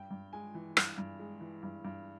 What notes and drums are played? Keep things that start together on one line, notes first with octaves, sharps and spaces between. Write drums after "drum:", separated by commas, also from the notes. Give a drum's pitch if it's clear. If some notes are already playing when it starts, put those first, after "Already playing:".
Already playing: G2 G5
G2
G#3 G#5
E3
G2, drum: rim click
G2
G#3
E3
G2
G2